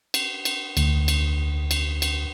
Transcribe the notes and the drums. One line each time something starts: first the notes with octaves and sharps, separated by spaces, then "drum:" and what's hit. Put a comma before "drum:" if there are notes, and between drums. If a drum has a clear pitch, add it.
drum: cymbal
drum: cymbal
D2, drum: cymbal
drum: cymbal
drum: cymbal
drum: cymbal